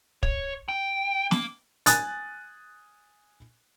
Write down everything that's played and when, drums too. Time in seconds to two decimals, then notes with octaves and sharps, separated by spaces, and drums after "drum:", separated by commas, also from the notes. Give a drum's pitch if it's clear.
0.23 C#5, drum: kick
0.69 G5
1.31 A#3, drum: snare
1.86 G#5 D#6 F#6 A6, drum: hi-hat